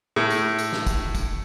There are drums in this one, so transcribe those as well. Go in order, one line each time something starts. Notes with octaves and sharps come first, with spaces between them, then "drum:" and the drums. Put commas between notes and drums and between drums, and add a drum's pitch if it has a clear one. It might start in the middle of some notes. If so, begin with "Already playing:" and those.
A2
drum: tambourine
drum: tambourine
drum: snare
drum: kick, tambourine
drum: kick, tambourine